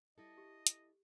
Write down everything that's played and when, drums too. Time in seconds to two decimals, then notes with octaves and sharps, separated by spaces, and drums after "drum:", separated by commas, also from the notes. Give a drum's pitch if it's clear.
0.18 G3 E4 A4 D#5
0.38 G4
0.67 drum: hi-hat